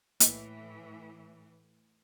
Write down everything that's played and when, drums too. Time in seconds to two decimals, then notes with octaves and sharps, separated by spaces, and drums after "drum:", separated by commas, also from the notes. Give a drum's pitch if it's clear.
0.20 A2 E3 A#3 D#5, drum: hi-hat